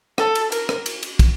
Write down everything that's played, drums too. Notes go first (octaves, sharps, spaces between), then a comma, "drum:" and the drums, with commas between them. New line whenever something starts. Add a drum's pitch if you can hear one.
A4, drum: rim click
drum: cymbal
A#4, drum: cymbal
drum: rim click
drum: cymbal
drum: cymbal
drum: kick, cymbal